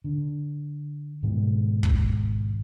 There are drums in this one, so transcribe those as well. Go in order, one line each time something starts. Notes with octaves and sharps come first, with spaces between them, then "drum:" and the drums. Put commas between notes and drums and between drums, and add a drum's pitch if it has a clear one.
D3
G#2 B2 D#3 G#3
drum: kick